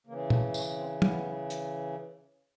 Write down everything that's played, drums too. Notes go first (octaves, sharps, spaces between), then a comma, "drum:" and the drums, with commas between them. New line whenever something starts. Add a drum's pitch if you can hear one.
C#3 E3 A#3
A3, drum: tom
C#4, drum: tambourine
C4
B3, drum: tom
drum: hi-hat